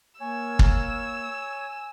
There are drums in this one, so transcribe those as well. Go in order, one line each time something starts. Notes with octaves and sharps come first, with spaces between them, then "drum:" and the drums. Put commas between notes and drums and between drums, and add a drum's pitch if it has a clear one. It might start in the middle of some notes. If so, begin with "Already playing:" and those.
A#3 C#5 G#5 E6
drum: kick